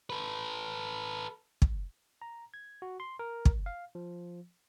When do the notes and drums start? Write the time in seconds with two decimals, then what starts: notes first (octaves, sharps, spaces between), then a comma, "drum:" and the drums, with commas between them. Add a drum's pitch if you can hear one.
0.10 A4 B4
1.62 drum: kick
2.22 A#5
2.54 G#6
2.82 F#4
3.00 C6
3.19 A#4
3.45 drum: kick
3.66 F5
3.95 F3